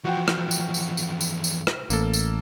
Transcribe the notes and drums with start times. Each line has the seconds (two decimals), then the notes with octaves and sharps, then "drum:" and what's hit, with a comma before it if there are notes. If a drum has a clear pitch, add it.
0.05 E2 F3 F#4 F#5 G5
0.28 drum: rim click
0.51 drum: tambourine
0.74 drum: tambourine
0.97 drum: tambourine
1.21 drum: tambourine
1.44 drum: tambourine
1.67 drum: rim click
1.90 A1 A#3 A4, drum: tambourine
2.13 drum: tambourine